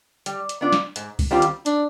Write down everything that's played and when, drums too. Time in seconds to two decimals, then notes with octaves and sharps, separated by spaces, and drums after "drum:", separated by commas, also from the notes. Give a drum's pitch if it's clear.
0.26 G3, drum: hi-hat
0.49 drum: hi-hat
0.61 B3 D4 F4
0.73 drum: snare
0.96 G#2, drum: hi-hat
1.19 drum: kick C2, open hi-hat
1.31 D#3 G3 C4 F4
1.42 drum: hi-hat
1.66 D4, drum: hi-hat